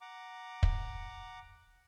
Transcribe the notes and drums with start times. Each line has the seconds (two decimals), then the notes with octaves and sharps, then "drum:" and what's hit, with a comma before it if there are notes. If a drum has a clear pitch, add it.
0.01 F#5 A#5 D6
0.63 drum: kick